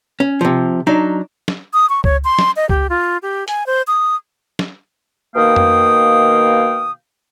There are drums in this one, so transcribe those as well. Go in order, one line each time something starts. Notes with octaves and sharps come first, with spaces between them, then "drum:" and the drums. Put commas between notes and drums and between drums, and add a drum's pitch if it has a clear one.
C#4
C3 F3
F#3 D4 D#4
drum: snare
D#6
C#6
C#5, drum: kick C#2
C6
drum: snare
D#5
G4, drum: kick C#2
F4
G4
G#5, drum: hi-hat
C5
D#6
drum: snare
B2 D#3 A#3 F5 G5 D#6
drum: tom F2